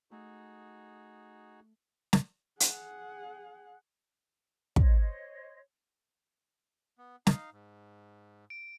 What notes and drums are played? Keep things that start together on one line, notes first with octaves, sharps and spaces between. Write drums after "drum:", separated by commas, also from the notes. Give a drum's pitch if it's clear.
A3 D#4 F#4 G#4
drum: snare
G#4 F#5, drum: hi-hat
C5 C#5 D#5, drum: kick
B3
D#4 F5, drum: snare
G#2
D7